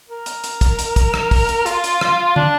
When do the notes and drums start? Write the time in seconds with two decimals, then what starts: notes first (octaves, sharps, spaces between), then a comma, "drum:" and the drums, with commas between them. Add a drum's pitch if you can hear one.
0.09 A#4
0.26 drum: hi-hat
0.44 drum: hi-hat
0.61 drum: kick, hi-hat
0.79 drum: hi-hat
0.96 drum: kick, hi-hat
1.14 drum: rim click
1.31 drum: kick, open hi-hat
1.49 drum: hi-hat
1.66 F4, drum: hi-hat
1.84 drum: hi-hat
2.01 drum: rim click
2.36 D4, drum: tom